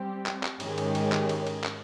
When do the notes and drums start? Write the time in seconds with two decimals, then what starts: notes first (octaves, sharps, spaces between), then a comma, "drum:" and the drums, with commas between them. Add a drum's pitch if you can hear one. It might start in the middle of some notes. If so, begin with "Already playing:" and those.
Already playing: G3 C4 G4
0.26 drum: clap
0.43 drum: clap
0.60 G#2 D#3 G#3 C#4 G4, drum: cymbal
0.78 drum: cymbal
0.95 drum: cymbal
1.12 drum: clap
1.29 drum: cymbal
1.47 drum: cymbal
1.64 drum: clap